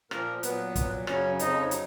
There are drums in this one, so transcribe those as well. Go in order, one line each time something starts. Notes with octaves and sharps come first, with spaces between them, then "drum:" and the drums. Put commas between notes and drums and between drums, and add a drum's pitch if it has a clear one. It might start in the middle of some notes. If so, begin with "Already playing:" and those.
A#2 F3 A#3 A#4, drum: rim click
A#2 F#3 B3 B4, drum: hi-hat
A#2 F#3, drum: kick, hi-hat
F#2 C#3 F#3 C#4 C#5, drum: rim click
F2 C#3 F3 D#4 D#5, drum: hi-hat
C#5
F#3 D#4, drum: hi-hat